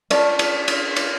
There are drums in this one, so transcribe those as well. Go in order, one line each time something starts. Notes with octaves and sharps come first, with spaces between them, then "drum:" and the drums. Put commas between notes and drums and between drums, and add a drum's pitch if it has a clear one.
C#4 D5 A5, drum: cymbal
drum: cymbal
drum: cymbal
drum: cymbal